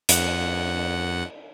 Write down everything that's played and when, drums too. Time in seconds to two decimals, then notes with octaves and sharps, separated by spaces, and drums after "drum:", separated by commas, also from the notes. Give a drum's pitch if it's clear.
0.09 F2 F#5, drum: hi-hat